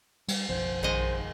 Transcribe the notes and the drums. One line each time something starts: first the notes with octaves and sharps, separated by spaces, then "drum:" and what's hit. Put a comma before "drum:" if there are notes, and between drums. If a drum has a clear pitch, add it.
G3, drum: cymbal
F#1 B1 F3 C5
A#1 D#3 G#3 C5 D#5